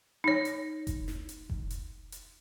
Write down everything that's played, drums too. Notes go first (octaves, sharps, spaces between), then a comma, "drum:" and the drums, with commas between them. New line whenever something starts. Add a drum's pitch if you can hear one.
D#4 C#5
drum: hi-hat
drum: kick F1, hi-hat
drum: snare
drum: hi-hat
drum: kick F1
drum: hi-hat
drum: hi-hat